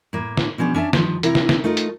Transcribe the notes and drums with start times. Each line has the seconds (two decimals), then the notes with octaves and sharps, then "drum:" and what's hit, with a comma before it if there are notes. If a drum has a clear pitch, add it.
0.13 A2 A#3
0.37 drum: snare
0.58 B2 F3 C#4 D4 G4
0.74 C#4 D4 E5 A5
0.93 G2 D#3 F3, drum: snare
1.23 C3 E4 A#4, drum: hi-hat
1.35 drum: snare
1.49 drum: snare
1.64 A3 D#4 F4 A#4
1.77 drum: hi-hat